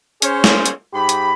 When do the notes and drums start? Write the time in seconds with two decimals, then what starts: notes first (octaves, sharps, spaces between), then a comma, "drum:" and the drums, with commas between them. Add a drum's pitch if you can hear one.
0.22 C#4 G#4 C5 C#5, drum: hi-hat
0.44 drum: snare
0.66 drum: hi-hat
0.94 G#2 G4 B5
1.09 drum: hi-hat